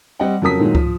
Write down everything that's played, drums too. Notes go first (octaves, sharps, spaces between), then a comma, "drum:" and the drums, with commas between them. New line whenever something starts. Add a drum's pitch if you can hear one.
G3 C4 D#5 F#5 G5
F2 C#3 F#3 A#4 D#6 B6
A#2 D#3 F#3 G#3
F3, drum: kick C#2